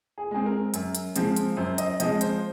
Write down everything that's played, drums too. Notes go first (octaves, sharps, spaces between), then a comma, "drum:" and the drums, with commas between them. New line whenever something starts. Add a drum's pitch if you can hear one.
G#4
G#3 C4 G#4
A#4
F#2, drum: hi-hat
drum: hi-hat
F3 G#3 C4, drum: hi-hat
drum: hi-hat
F#2 C5
D#5, drum: hi-hat
F3 G#3 C4 D#5, drum: hi-hat
C5, drum: hi-hat